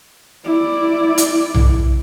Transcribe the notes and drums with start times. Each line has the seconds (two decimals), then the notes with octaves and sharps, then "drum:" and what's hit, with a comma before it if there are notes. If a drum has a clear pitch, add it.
0.44 E4 D5
1.18 drum: hi-hat
1.55 drum: tom B1